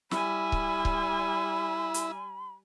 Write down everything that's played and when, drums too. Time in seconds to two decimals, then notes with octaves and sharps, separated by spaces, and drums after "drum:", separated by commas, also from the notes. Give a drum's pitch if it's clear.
0.11 G3 E4 G#5 B5, drum: snare
0.52 drum: kick C#1
0.85 drum: kick C#1
1.94 drum: hi-hat